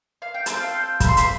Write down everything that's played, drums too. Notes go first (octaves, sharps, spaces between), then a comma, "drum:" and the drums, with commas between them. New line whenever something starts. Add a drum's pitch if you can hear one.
F5
G5
C4 F4 A4 A5, drum: hi-hat
F5
G5
B5, drum: kick, hi-hat
C6
B5, drum: hi-hat